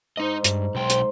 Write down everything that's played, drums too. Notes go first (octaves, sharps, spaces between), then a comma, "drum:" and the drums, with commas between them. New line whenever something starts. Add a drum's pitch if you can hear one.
G#2 D#4 D#5
G2, drum: hi-hat
B1 C5 G5
drum: hi-hat